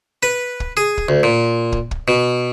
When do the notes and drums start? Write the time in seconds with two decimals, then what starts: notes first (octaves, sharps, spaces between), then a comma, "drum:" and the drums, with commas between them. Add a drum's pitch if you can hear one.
0.23 B4
0.60 drum: kick
0.77 G#4
0.98 drum: kick
1.09 D2
1.23 A#2
1.72 drum: kick
1.91 drum: kick
2.08 B2